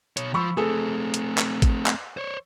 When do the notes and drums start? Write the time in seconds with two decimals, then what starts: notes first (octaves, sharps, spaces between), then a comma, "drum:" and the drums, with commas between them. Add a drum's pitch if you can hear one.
0.17 B2 C#5, drum: hi-hat
0.34 F3 B5 C#6 E6
0.57 A3 C4 G#4 A4
1.14 drum: hi-hat
1.38 drum: clap
1.62 drum: kick, hi-hat
1.86 drum: clap
2.17 C5 C#5